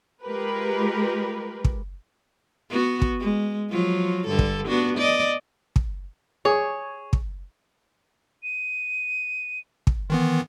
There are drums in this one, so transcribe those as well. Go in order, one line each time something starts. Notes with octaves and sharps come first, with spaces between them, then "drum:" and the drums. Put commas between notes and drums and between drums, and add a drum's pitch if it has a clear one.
G#3 F4 G4 A#4 B4
drum: kick
B3 F#4
drum: kick
G#3
F3 F#3 F4
G2 D3 A4
drum: kick
B3 D4 F#4
D5 D#5
drum: kick
G#4 C#5
drum: kick
D#7
drum: kick
D#3 E3 B3 C6